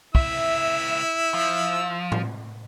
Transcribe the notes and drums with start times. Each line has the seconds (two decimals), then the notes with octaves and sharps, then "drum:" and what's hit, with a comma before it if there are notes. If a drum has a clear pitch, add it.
0.15 C#2 E4 E5 E6, drum: kick
1.34 F3
2.12 drum: tom A2